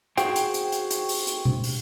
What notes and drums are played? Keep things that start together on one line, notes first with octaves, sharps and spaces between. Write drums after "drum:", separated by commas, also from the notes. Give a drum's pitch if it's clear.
F#4 G#4 C5 G5, drum: hi-hat
drum: hi-hat
drum: hi-hat
drum: hi-hat
drum: hi-hat
drum: open hi-hat
drum: hi-hat
drum: tom B2
drum: open hi-hat